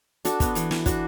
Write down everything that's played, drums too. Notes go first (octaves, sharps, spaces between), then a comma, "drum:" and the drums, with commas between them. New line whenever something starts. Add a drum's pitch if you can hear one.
D4 F#4 A4, drum: hi-hat
B3, drum: kick, hi-hat
E3, drum: hi-hat
E3, drum: snare
D4 F#4, drum: kick, hi-hat